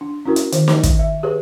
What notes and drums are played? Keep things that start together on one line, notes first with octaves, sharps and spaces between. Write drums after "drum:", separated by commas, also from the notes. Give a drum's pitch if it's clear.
D4
C#4 E4 F#4 A#4
drum: hi-hat
D#3, drum: hi-hat
drum: snare
drum: kick, hi-hat
E5
G4 G#4 B4 C#5